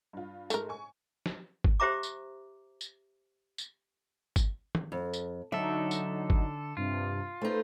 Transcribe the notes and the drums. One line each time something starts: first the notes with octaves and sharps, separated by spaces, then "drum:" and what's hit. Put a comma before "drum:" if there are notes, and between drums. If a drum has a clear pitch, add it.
G2 F4
G#2 G#3 A3 A#4, drum: tambourine
G#5 C#6
drum: snare
drum: kick G1
G4 C5 E5 A#5 D6
drum: tambourine
drum: tambourine
drum: tambourine
drum: kick G1, tambourine
drum: tom
F2
drum: tambourine
D3 F#3 D#4 A4 E5
drum: tambourine
drum: kick G1
G2 C3 F4
A3 D#4 B4 C5